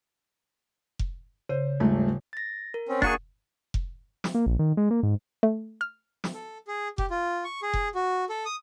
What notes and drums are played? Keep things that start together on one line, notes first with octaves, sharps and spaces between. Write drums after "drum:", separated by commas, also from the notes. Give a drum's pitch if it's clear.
drum: kick F1
C#3 C5
D#1 G#2 A3
A6 A#6
A#4
C4 C#4
A#3 D4 F#4 G#4 C#6, drum: kick F1
drum: kick F1
drum: snare
A#3
A#1
D#3
G#3
A#3
G#2
A3
F6
drum: snare
A4
G#4
G4, drum: kick F1
F4
C#6
G#4
drum: kick F1
F#4
A4
D#6